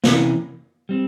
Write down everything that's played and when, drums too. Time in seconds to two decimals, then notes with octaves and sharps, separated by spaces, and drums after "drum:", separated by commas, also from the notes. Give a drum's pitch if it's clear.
0.04 C3 E3 A#3 C#4, drum: snare
0.89 G3 C4